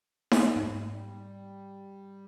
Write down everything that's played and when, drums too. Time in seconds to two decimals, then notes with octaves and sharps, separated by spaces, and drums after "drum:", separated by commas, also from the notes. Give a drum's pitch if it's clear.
0.31 drum: snare D#4
0.56 G#2
0.91 G3